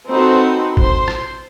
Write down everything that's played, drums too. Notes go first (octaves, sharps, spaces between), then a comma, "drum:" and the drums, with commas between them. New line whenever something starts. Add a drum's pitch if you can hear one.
C4 D#4 F#4 A4 B4 C5
C5 C6, drum: kick
drum: rim click